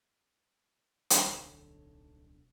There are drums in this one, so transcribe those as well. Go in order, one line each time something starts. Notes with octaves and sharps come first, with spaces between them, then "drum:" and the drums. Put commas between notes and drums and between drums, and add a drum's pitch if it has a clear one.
drum: hi-hat
D1 B1 D3 D#4 A4 C#5